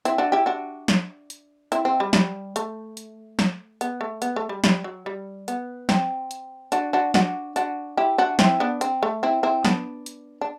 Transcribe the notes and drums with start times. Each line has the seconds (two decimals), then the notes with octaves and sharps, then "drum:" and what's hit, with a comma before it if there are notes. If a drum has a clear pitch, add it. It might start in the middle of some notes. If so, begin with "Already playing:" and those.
0.05 C4 E4, drum: hi-hat
0.18 D4 F#4
0.32 E4 G4
0.46 D4 F#4
0.88 drum: snare
1.30 drum: hi-hat
1.72 C4 E4, drum: hi-hat
1.85 C4
2.00 G3
2.13 G3, drum: snare
2.56 A3, drum: hi-hat
2.97 drum: hi-hat
3.39 drum: snare
3.81 B3, drum: hi-hat
4.01 A3
4.22 B3, drum: hi-hat
4.36 A3
4.49 G3
4.64 G3, drum: snare
4.84 F#3
5.06 G3
5.48 B3, drum: hi-hat
5.89 C4, drum: snare
6.31 drum: hi-hat
6.72 D4 F#4, drum: hi-hat
6.93 D4 F#4
7.14 D4 F#4, drum: snare
7.56 D4 F#4, drum: hi-hat
7.97 E4 G4
8.18 D4 F#4
8.39 C4 E4, drum: snare
8.60 B3 D4
8.81 C4, drum: hi-hat
9.03 A3
9.23 C4 E4
9.43 C4 E4
9.65 B3 D4, drum: snare
10.06 drum: hi-hat
10.41 D4